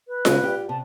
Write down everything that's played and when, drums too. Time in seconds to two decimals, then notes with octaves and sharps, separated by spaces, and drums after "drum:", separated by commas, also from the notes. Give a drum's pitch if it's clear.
0.08 B4
0.25 C#3 G#3 D4, drum: snare F4
0.42 F4 G4
0.69 C3 A5